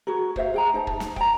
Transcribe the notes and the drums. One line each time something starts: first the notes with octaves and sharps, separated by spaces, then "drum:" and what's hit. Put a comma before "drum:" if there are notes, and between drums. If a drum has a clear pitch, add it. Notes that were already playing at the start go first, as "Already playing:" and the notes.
F#4 G#4 A#4
F#4 C5 E5 F5, drum: kick
G#4 G5 A#5
D#4 C5 A5
drum: kick
drum: snare
G5 A#5, drum: kick